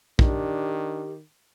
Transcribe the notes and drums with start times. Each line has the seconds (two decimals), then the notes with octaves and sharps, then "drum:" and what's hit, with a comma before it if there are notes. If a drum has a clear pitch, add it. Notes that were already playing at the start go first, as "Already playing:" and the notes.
0.19 D#3 D4 G4, drum: kick